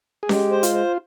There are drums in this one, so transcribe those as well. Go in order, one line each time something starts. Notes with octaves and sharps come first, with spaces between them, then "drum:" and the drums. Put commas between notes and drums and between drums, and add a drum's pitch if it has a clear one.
G#4
G#3 G4, drum: snare C#4
C5
F4, drum: hi-hat
C5